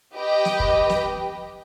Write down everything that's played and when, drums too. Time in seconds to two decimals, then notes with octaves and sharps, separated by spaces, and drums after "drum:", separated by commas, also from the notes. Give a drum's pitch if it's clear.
0.15 G4 B4 D#5 G5
0.45 drum: snare
0.60 drum: kick
0.89 drum: snare